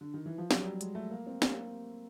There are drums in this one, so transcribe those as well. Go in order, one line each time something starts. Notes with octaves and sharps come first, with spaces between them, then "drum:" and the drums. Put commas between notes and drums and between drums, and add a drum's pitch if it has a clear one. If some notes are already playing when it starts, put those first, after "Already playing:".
D3
D#3
E3
F3
F#3, drum: snare
G3
G#3, drum: hi-hat
A3
A#3
C4
A#3, drum: snare